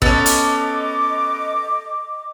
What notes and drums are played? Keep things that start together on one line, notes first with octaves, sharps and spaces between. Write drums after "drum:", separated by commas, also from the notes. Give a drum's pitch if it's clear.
B3 C#4 A4 D#5 D6, drum: kick
drum: hi-hat